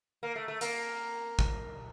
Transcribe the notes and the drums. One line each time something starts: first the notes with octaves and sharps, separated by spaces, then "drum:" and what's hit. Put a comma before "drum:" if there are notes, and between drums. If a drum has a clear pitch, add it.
A#3
A3
A3
A#3, drum: hi-hat
drum: kick A1